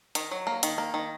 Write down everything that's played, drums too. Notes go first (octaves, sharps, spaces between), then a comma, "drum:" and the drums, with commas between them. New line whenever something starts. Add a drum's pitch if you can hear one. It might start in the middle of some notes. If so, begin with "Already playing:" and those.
D#3, drum: hi-hat
F#3
A#3
D#3, drum: hi-hat
A#3
D#3